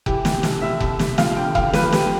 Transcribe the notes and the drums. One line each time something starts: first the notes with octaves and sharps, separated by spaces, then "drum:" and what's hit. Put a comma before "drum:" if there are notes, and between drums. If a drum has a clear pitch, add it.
E3 G4, drum: kick F1
C3, drum: snare
C2, drum: snare
C2 E5
C2, drum: kick F1
C3, drum: snare
F3 F5, drum: snare
D3 G5
E2 F5, drum: kick F1
F3 B4, drum: snare
F3 G4, drum: snare